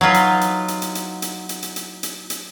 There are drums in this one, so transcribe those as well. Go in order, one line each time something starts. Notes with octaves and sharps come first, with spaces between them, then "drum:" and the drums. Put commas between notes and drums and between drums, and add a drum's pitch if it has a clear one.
F#3 D#4 F4 B4
drum: hi-hat
drum: hi-hat
drum: hi-hat
drum: hi-hat
drum: hi-hat
drum: hi-hat
drum: hi-hat
drum: hi-hat
drum: hi-hat
drum: hi-hat
drum: hi-hat